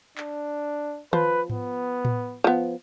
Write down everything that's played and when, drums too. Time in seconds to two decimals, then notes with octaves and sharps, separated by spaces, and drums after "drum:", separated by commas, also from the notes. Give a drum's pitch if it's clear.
0.18 D4, drum: clap
1.13 F3 B4, drum: tom D#3
1.50 B3, drum: tom G#2
2.05 drum: tom A2
2.44 F3 B3